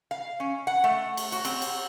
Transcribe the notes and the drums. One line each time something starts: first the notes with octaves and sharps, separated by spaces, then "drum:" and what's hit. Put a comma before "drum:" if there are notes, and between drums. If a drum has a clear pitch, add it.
F5
C#4
F#5
A3
drum: cymbal
F#4, drum: cymbal
C4, drum: cymbal
drum: cymbal